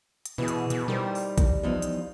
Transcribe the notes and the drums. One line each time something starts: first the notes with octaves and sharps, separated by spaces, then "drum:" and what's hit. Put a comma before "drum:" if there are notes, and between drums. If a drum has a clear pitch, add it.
drum: hi-hat
B2 E3 G#4
drum: hi-hat
B2, drum: hi-hat
G3 D#4 A#4 C5
drum: open hi-hat
drum: kick A#1, hi-hat
E2 F3 D#4
drum: hi-hat